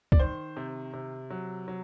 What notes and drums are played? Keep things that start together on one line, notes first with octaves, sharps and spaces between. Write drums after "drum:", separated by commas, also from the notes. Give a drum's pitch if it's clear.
D5, drum: kick
D#3 C5
C3
C3
F#3
F#3